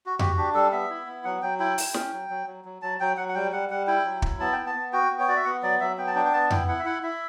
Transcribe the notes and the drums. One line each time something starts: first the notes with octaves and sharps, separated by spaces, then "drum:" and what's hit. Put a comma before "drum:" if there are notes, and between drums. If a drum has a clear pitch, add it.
F#4
F#4 G4, drum: tom F2
D4 G4
G3 A4
B3 E5
E4
B3
F#3 F#5
F#3 G5
E4 G5
E4, drum: open hi-hat
C#4, drum: snare
F#3
F#3
F#3
F#3
F#3 A5
F#3 G5
F#3 F#5
F#5
G3 G5
G3 F#5
G3 F#5
E4 G5
F#3
E4, drum: kick
B3 A5
B3 G5
A5
B3
F#4 G5
B3
C#5
F#4 D5
E5
B3 F#5
F#3 D5
F#3 E5
B3 G5
A5
D4 G5
G5
B3 A5
E4 G5, drum: tom F2
E4 F#5
E5
E4 F#5
E4 E5